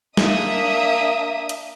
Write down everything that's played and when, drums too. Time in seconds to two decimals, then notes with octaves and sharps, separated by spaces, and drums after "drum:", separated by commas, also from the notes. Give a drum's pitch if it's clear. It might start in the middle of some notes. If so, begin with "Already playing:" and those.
0.17 A#3 D4 E5 D#6, drum: snare
1.49 drum: hi-hat